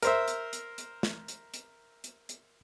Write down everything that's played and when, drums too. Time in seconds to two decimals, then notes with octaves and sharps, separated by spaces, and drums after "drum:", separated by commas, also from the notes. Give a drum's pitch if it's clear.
0.02 A#4 C5 E5, drum: hi-hat
0.28 drum: hi-hat
0.53 drum: hi-hat
0.78 drum: hi-hat
1.03 drum: snare
1.28 drum: hi-hat
1.54 drum: hi-hat
2.04 drum: hi-hat
2.29 drum: hi-hat